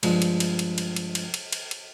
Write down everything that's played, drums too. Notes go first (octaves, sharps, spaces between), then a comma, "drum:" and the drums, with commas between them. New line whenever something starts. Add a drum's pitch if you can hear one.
G2 F3 G#3, drum: cymbal
drum: cymbal
drum: cymbal
drum: cymbal
drum: cymbal
drum: cymbal
drum: cymbal
drum: cymbal
drum: cymbal
drum: cymbal